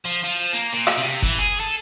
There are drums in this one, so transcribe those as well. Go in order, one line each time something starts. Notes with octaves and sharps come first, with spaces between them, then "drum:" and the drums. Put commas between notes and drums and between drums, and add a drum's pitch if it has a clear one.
F3
F3
A#3
A#2
drum: rim click
C3
E3, drum: kick F#1
G#4
A4